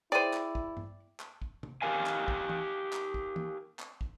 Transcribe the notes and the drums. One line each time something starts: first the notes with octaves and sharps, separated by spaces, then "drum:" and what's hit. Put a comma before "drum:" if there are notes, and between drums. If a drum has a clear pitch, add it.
E4 G#4 C5 D5 G5 D#7
drum: clap
drum: kick
drum: tom G2
drum: clap
drum: kick
drum: tom
G4 A#4 F5 G#5
drum: clap
drum: kick
drum: tom E3
drum: clap
drum: kick
drum: tom
drum: clap
drum: kick